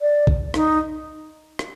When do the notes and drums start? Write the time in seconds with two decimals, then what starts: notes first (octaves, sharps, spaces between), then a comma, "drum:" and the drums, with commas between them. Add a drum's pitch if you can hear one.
0.01 D5
0.27 drum: kick A#1
0.54 D#4, drum: rim click
1.59 drum: rim click